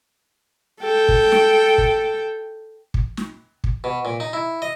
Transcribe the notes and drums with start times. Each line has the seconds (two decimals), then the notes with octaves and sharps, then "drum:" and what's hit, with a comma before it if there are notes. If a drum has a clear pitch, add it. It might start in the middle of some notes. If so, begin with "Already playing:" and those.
0.81 A4 G5
1.09 drum: kick
1.32 drum: snare
1.78 drum: kick
2.94 drum: kick
3.17 drum: snare
3.64 drum: kick
3.84 B2
4.05 A#2
4.20 D#4
4.33 E4
4.62 D#5